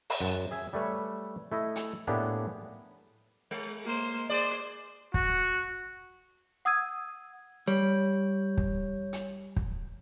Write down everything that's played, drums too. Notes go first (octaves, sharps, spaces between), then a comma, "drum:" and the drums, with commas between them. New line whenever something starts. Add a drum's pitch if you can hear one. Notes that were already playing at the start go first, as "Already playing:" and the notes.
drum: open hi-hat
F#2 F#5 A5
G#4 E5 G#5
G3 A3 B4 C#5
A3 E4 D#5
drum: hi-hat
A2 A#3 B3 D4 G4 G#4
G#3
A#3 C5
G#4 C5 D5
F#4, drum: kick
F#5 D#6 E6 G#6 D#7
G3 C#5
drum: kick
drum: hi-hat
drum: kick